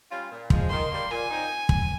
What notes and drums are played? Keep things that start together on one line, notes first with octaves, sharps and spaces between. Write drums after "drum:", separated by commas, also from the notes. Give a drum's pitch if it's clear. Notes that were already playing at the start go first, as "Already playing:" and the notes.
G3 C#4 F4
A#2
F3 G#3, drum: kick
D#3 C6
G3 A#3
A#2 G#5
F3 C4 D#4
drum: kick